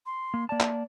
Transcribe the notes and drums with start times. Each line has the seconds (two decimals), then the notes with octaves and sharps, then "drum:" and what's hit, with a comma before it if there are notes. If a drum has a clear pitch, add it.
0.06 C6
0.34 A#3
0.49 A#3 D5 A5
0.60 drum: clap